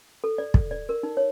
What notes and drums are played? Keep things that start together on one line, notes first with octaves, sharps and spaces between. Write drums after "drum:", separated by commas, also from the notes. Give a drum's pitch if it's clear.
A4
D5
drum: kick
D5
A#4
D#4
C#5